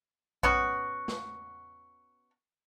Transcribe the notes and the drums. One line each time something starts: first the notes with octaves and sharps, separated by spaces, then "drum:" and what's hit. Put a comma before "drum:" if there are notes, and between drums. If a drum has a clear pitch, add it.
B3 C#4 F#4, drum: kick A#1
drum: snare